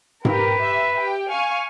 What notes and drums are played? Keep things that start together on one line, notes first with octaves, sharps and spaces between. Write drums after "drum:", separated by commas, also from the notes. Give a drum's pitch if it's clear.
G4 A#4 B4, drum: tom G#2
E5
G4 G5
F5 G#5 C#6